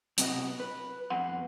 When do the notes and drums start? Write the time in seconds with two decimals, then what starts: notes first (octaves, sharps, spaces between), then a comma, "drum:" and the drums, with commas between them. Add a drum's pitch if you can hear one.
0.18 B1 C3 B3 D#5, drum: hi-hat
0.60 B4
1.10 F2 B3 F#5 C6